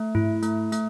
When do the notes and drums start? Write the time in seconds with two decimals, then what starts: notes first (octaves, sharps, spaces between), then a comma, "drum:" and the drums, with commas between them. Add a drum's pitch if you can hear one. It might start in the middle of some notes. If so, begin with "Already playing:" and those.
Already playing: A3
0.15 E4, drum: tom G#2
0.43 A3, drum: hi-hat
0.72 A3, drum: hi-hat